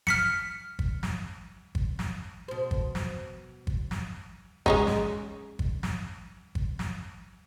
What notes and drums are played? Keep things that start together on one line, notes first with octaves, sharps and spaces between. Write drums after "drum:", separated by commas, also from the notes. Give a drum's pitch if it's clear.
F6 B6 C#7, drum: snare
drum: kick
drum: snare
drum: kick
drum: snare
B2 C5
drum: kick
drum: snare
drum: kick
drum: snare
G#3 C#4 D#4, drum: kick
drum: snare
drum: kick
drum: snare
drum: kick
drum: snare